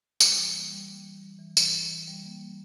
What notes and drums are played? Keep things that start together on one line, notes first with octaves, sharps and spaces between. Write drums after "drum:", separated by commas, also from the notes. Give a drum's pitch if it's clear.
G3, drum: tambourine
E3
A#3
G3
A#3
E3
G3
E3
E3, drum: tambourine
E3
E3
G3
A#3
A#3